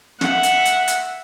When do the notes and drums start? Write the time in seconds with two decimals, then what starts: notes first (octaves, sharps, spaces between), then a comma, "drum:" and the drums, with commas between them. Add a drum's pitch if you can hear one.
0.21 E5 F#5, drum: snare
0.43 drum: hi-hat
0.65 drum: hi-hat
0.88 drum: hi-hat